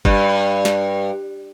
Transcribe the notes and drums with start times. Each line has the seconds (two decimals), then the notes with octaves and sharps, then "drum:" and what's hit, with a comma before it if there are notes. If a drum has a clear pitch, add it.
0.05 G2, drum: kick
0.65 drum: snare